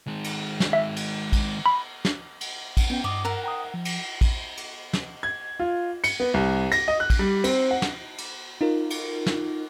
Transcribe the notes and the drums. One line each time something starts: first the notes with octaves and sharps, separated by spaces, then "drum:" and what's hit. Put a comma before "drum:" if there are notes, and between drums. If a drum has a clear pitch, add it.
D#3 G#3
drum: cymbal
drum: snare
E5
drum: cymbal
drum: kick, cymbal
B5
drum: snare
drum: cymbal
drum: kick, cymbal
B3 C#4 G5
G2 D5 D#5
A#4 E5 F#5
G5 A#5 D#6
F3
drum: cymbal
drum: kick, cymbal
drum: cymbal
drum: snare
G#6
F4
C#7, drum: cymbal
B3
C2
A#6, drum: cymbal
D#5
F#6
drum: kick, cymbal
G3
C4, drum: cymbal
F#5
drum: snare
drum: cymbal
D#4 F4 A#4
drum: cymbal
drum: snare